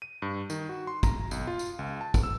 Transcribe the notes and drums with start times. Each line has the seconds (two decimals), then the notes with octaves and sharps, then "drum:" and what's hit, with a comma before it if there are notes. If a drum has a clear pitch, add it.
0.02 D#7
0.22 G2
0.50 D#3, drum: tambourine
0.69 F#4
0.87 C6
1.03 A#5, drum: kick, tambourine
1.31 B1, drum: tambourine
1.47 F4
1.59 drum: tambourine
1.79 C#2
2.01 A5
2.14 drum: kick, tambourine
2.23 E6